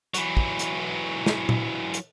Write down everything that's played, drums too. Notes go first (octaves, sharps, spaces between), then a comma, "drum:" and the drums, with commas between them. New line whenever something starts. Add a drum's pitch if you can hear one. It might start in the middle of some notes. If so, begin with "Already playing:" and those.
E3 F#3, drum: hi-hat
drum: kick
drum: hi-hat
drum: snare
drum: tom A#2
drum: hi-hat